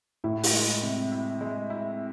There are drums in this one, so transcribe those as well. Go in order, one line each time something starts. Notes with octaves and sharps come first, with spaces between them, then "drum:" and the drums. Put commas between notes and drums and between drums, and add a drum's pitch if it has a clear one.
A2 E4
drum: open hi-hat
G#3
C3
E4
G#3
E4